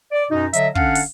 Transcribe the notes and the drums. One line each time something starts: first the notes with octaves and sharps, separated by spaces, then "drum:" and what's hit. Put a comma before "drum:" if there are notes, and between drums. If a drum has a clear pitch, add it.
D5
F#2 B2 D#4
D3 F#3 D#5 E5, drum: hi-hat
D3 C#4 D4 F5 F#5, drum: kick
drum: open hi-hat